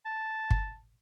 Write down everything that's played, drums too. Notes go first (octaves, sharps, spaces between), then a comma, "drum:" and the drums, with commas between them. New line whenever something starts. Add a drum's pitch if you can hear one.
A5
drum: kick